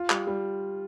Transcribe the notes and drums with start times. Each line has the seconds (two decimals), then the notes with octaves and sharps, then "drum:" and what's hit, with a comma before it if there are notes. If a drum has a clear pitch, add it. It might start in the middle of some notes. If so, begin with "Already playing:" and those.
Already playing: F4
0.10 G3, drum: clap
0.27 G3